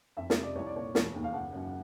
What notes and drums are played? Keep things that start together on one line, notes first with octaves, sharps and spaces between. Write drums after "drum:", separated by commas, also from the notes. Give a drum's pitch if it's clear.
F2 E5
D#5, drum: snare
C3
D5
C2 C#5
D5
A#2 C#5
E1, drum: snare
D#2
F5
F#1 F#5
F#2